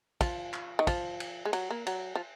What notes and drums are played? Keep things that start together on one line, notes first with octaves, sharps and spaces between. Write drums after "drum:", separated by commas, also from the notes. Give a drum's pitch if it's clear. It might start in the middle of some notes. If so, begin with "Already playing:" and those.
F3, drum: kick, cymbal
drum: clap
D#3
F3, drum: kick, cymbal
drum: cymbal
G#3
F#3, drum: cymbal
A#3
F#3, drum: cymbal
F3